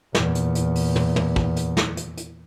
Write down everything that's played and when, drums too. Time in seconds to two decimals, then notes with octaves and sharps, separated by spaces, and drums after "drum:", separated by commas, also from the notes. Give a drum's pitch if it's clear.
0.15 E2 A#2, drum: snare
0.35 drum: hi-hat
0.55 drum: hi-hat
0.75 drum: open hi-hat
0.96 drum: tom
1.16 drum: tom
1.36 drum: kick
1.56 drum: hi-hat
1.77 drum: snare
1.97 drum: hi-hat
2.17 drum: hi-hat